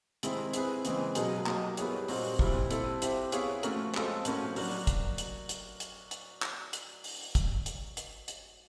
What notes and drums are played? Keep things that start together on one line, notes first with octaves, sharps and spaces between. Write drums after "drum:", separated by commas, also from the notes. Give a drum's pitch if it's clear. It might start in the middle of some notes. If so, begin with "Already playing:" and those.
C3 D#3 G#3 C4 E4, drum: hi-hat
C4 E4 G#4 B4, drum: hi-hat
C#3 E3 G#3 C4, drum: hi-hat
B2 F#3 A#3 D#4 G#4, drum: hi-hat
F#3 A#3 D#4 G4, drum: clap
G3 B3 E4 G#4 C#5, drum: hi-hat
A#2 G3 C4 D#4 F#4, drum: open hi-hat
A#2 G3 C4 E4, drum: kick
G3 C4 E4 A4, drum: hi-hat
C4 E4 G4 C5 E5, drum: hi-hat
B3 E4 G#4 C#5 F5, drum: hi-hat
F3 A3 C#4 F#4 A#4, drum: hi-hat
G#3 C4 F4 A4, drum: clap
A2 F3 A#3 C#4 F#4, drum: hi-hat
F#3 A#3 D4 F#4, drum: open hi-hat
drum: kick, hi-hat
drum: hi-hat
drum: hi-hat
drum: hi-hat
drum: hi-hat
drum: clap
drum: hi-hat
drum: open hi-hat
drum: kick, hi-hat
drum: hi-hat
drum: hi-hat
drum: hi-hat